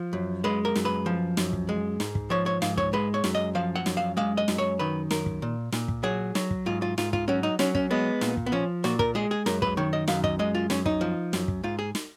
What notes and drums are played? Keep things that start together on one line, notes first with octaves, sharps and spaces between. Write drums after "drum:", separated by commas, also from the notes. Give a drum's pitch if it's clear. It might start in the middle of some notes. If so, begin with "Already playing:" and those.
Already playing: F3
F#2
G#3 B4
A#4
F#2, drum: snare
B4
F3
F#2, drum: snare
drum: kick
G#3
G#2, drum: snare
drum: kick
F3 C#5
C#5
G#2 F5, drum: snare
C#5, drum: kick
G#3 B4
C#5
F#2, drum: snare
D#5
F3 F5
F#5
F#2, drum: snare
F5
G#3 F5
D#5
F#2, drum: snare
C#5
D#3 B4
F#2 A#4, drum: snare
drum: kick
A#2
A#2, drum: snare
drum: kick
F#3 G#4
F#3, drum: snare
drum: kick
G#2 F4
F4
G#2 F4, drum: snare
F4, drum: kick
F#3 C#4
D#4
F#3 C#4, drum: snare
C#4, drum: kick
G#3 B3
A#2, drum: snare
drum: kick
B3
F3 C#4
A#2 F#4, drum: snare
A#4, drum: kick
G#3 G#4
G#4
F#2 A#4, drum: snare
B4, drum: kick
D#3 C#5
D#5
F#2 F5, drum: snare
D#5, drum: kick
G#3 D#5
F4
F#2 C#4, drum: snare
D#4, drum: kick
F3
F#2, drum: snare
drum: kick
G#2 F4
G#4
drum: snare